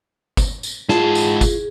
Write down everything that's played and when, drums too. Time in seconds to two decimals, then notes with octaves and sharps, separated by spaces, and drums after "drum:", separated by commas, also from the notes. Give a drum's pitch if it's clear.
0.37 drum: kick G1, tambourine
0.63 drum: tambourine
0.89 G#2 F4 G#4 A5, drum: snare
1.15 drum: tambourine
1.41 drum: kick G1, tambourine